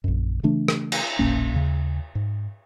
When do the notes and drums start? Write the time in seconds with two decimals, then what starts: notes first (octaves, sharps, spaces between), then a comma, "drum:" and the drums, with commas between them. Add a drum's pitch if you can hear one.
0.04 A#1 F#2
0.43 C#3 E3 A3 D4
0.68 drum: rim click
0.92 drum: cymbal
1.19 E1 A#1 A#3 C#4
1.54 D#2 C#3
2.15 G#2